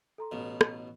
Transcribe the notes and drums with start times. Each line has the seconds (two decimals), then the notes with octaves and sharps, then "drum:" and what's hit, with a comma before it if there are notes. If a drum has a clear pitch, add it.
0.18 A4 A#5 C6
0.32 A1 B2
0.61 drum: rim click